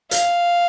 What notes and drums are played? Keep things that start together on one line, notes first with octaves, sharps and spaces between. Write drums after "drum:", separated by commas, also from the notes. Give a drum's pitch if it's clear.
F5, drum: hi-hat